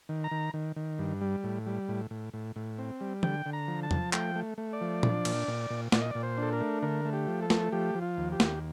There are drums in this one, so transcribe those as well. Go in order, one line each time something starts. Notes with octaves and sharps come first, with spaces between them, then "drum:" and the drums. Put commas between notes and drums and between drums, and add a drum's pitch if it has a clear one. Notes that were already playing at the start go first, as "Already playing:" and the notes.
D#3
A#5
D#3
D#3
D#3
G2
G3
A2
G3
A2
A2
A2
A2
C4
G3
D3 G5, drum: tom E3
D3
A#5
F3
A5
F3, drum: tom E2
A3 G5, drum: clap
A3
A3
D5
F3
D4, drum: tom A#2
A#2, drum: cymbal
A#2
A#2
A#2 D5, drum: snare
D#5
A#2 D5
C5
D4 A4
A#4
A3
D3 A#4
A3
G4
F3
A4
A3, drum: snare
F3 G4
F3
F4
D#2
G4
D#2, drum: snare